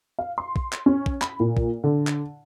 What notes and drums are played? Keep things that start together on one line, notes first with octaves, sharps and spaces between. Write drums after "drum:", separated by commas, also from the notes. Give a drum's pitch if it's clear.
F5
C6
drum: kick
drum: clap
C#4
drum: kick
B5, drum: clap
A#2
drum: kick
D3
drum: clap